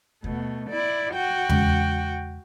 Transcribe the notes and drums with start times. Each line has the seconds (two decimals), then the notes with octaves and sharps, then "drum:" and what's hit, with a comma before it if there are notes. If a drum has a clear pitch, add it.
0.24 B2 A3, drum: kick D#2
0.70 E4 D5
1.14 F#4 G5
1.49 E2 C#3 G#3, drum: tom D#2